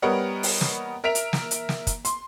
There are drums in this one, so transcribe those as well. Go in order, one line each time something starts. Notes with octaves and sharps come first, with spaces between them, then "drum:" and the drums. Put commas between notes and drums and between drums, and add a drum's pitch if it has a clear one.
G3 B3 A#4 C#5 D#5 F#5
drum: open hi-hat
drum: snare
A#4 E5 B6 D7 F7
drum: hi-hat
drum: snare
drum: hi-hat
drum: snare
drum: kick, hi-hat
C6, drum: hi-hat